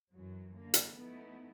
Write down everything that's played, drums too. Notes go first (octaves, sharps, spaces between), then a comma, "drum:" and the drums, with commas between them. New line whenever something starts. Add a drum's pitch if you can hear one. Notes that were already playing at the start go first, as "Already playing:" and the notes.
F#2 E3 F#3
D3 A#3
drum: hi-hat
F3 A3 B3 D#4 E4